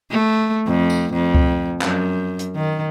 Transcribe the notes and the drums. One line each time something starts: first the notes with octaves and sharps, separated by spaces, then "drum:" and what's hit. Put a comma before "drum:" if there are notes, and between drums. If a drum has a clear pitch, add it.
A3
F2
drum: tambourine
F2
drum: kick C#2
F#2, drum: clap
drum: hi-hat
D#3